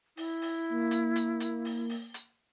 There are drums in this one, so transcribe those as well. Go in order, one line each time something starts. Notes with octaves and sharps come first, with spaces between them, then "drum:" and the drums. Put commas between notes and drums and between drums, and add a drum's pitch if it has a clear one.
E4, drum: open hi-hat
drum: open hi-hat
A#3
drum: hi-hat
drum: hi-hat
drum: hi-hat
drum: open hi-hat
drum: open hi-hat
drum: hi-hat